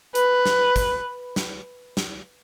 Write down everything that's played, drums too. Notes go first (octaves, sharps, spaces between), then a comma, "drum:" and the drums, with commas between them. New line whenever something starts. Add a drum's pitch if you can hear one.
B4, drum: hi-hat
drum: snare
drum: kick, hi-hat
drum: snare
drum: snare